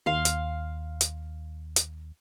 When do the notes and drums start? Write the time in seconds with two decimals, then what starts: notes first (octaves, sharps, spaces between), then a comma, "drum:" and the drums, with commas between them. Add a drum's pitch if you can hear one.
0.06 D#2 F5 C6
0.25 drum: hi-hat
1.01 drum: hi-hat
1.76 drum: hi-hat